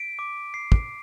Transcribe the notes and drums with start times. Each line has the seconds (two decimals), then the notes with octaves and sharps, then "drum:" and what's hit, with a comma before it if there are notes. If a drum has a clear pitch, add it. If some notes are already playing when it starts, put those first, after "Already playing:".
Already playing: B6 D7
0.19 D6
0.54 C7
0.72 drum: kick